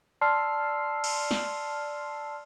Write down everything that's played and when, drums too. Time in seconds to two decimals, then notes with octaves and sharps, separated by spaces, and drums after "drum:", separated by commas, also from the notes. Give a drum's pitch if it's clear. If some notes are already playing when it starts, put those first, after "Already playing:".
0.21 D5 A5 C6 E6 F6 C7
1.04 drum: cymbal
1.31 drum: snare